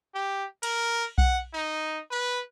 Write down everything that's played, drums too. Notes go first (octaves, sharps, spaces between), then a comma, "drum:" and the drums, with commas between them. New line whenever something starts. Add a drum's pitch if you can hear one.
G4
A#4, drum: cymbal
F#5, drum: kick B1
D#4
B4